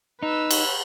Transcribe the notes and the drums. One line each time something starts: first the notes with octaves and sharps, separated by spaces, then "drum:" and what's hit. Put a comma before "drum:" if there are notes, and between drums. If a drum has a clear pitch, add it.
D#4 B4 E6
drum: cymbal